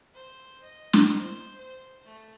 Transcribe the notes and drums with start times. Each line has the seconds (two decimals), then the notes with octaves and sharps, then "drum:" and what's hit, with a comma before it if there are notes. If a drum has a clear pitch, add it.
0.14 C5
0.63 D#5
0.93 drum: snare
1.17 C5
1.57 C5
2.05 A3